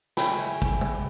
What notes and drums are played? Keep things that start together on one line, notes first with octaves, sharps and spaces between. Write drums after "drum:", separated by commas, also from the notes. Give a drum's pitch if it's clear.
C#3 F#3 C#4 E4 G5 B5, drum: snare
drum: kick
drum: tom